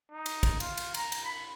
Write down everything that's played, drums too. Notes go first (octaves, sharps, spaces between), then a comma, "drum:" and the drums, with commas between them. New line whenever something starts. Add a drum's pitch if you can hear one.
D#4
drum: cymbal
drum: kick, cymbal
F4, drum: cymbal
drum: cymbal
A#5, drum: cymbal
drum: cymbal
B5